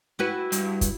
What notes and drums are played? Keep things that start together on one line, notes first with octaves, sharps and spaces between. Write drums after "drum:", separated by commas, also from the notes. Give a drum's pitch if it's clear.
E4 F#4 B4
G2, drum: hi-hat
drum: kick, hi-hat